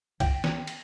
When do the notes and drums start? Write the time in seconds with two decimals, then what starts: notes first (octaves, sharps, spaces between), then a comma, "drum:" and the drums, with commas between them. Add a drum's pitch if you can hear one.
0.20 G5, drum: kick, cymbal
0.44 drum: snare
0.67 drum: cymbal